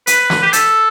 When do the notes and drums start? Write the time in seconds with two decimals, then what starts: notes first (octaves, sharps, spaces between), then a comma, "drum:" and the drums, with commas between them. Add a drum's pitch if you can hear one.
0.07 B4, drum: hi-hat
0.30 drum: snare
0.43 G4
0.53 A4, drum: hi-hat